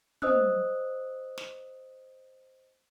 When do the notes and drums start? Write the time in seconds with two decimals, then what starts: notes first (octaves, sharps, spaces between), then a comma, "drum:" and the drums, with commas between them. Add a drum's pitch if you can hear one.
0.22 C5 D#5 D#6 E6 F#6, drum: tom
1.38 drum: snare